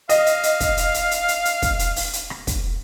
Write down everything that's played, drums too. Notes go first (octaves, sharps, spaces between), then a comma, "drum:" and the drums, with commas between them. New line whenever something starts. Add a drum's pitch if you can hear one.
D#5 F5, drum: hi-hat
drum: hi-hat
drum: hi-hat
drum: kick, hi-hat
drum: hi-hat
drum: hi-hat
drum: hi-hat
drum: hi-hat
drum: hi-hat
drum: kick, hi-hat
drum: hi-hat
drum: open hi-hat
drum: hi-hat
drum: rim click
drum: kick, hi-hat